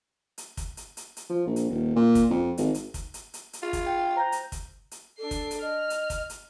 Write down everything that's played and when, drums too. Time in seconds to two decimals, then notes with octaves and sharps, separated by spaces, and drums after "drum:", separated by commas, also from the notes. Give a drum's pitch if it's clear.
0.38 drum: hi-hat
0.57 drum: kick, hi-hat
0.77 drum: hi-hat
0.97 drum: hi-hat
1.17 drum: hi-hat
1.29 F3
1.46 A#1
1.56 drum: hi-hat
1.70 D#1
1.95 A#2
2.15 drum: kick, hi-hat
2.30 F2
2.57 G#1, drum: hi-hat
2.74 drum: hi-hat
2.94 drum: kick, hi-hat
3.14 drum: hi-hat
3.34 drum: hi-hat
3.53 drum: hi-hat
3.63 F4 G#4
3.73 drum: kick, hi-hat
3.86 G5
4.16 C5 A#5 G6
4.32 drum: hi-hat
4.52 drum: kick, hi-hat
4.91 drum: hi-hat
5.19 D4 A4 C7
5.31 drum: kick, hi-hat
5.51 drum: hi-hat
5.62 D#5 F6
5.90 drum: hi-hat
6.10 drum: kick, hi-hat
6.30 drum: hi-hat